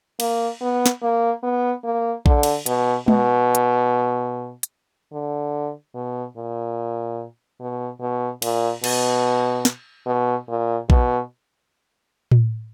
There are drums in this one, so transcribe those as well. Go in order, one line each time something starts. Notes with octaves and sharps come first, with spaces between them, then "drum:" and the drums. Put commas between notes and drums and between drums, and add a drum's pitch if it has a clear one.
A#3, drum: cymbal
B3
drum: snare
A#3
B3
A#3
D3, drum: kick A#1
drum: cymbal
B2, drum: hi-hat
B2, drum: tom G#3
drum: hi-hat
drum: hi-hat
D3
B2
A#2
B2
B2
A#2, drum: cymbal
B2, drum: cymbal
drum: snare
B2
A#2
B2, drum: kick A#1
drum: tom A2